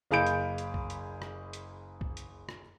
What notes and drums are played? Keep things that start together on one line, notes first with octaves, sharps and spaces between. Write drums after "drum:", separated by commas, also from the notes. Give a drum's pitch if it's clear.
F#1 G#4 F5 B5 G6 D7
drum: hi-hat
drum: hi-hat
drum: kick B1
drum: hi-hat
drum: rim click
drum: hi-hat
drum: kick B1
drum: hi-hat
drum: rim click